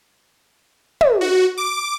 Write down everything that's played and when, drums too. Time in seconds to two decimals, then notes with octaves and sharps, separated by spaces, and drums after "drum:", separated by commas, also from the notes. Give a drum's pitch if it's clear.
1.01 drum: tom
1.21 F#4
1.58 D6